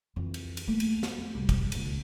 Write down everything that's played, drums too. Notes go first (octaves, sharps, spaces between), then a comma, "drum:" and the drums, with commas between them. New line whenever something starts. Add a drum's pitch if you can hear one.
F2 E3
drum: cymbal
drum: cymbal
A3 A#3
drum: cymbal
drum: snare
F2
C2
drum: kick, cymbal
D#1 C#2, drum: cymbal